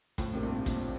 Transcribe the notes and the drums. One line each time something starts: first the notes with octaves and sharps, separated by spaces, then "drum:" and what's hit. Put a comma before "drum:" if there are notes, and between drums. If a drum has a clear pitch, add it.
A2 F3, drum: kick, hi-hat
C3 D#3
G2 A#2
F3
G2 A#2, drum: kick, hi-hat